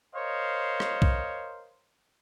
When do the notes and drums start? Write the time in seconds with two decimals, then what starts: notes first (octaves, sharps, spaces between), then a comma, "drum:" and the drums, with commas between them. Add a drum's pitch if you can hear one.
0.15 A#4 C5 C#5 D#5 F5
0.80 drum: rim click
1.02 drum: kick